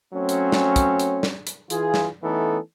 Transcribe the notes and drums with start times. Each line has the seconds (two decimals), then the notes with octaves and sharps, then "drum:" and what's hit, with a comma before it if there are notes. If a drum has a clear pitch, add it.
0.14 F#3 A3 C4 C#4
0.29 drum: hi-hat
0.52 drum: snare
0.76 drum: kick, hi-hat
1.00 drum: hi-hat
1.23 drum: snare
1.47 drum: hi-hat
1.70 E3 F4 G#4, drum: hi-hat
1.94 drum: snare
2.24 E3 A3 B3 C#4 D#4 A4